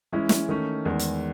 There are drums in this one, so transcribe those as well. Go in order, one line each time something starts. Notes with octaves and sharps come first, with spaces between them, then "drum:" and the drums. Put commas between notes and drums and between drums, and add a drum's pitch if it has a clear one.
E3 G#3 C#4 E4
drum: snare
D#3 A3 C#4
E2 D#3 G#3
drum: hi-hat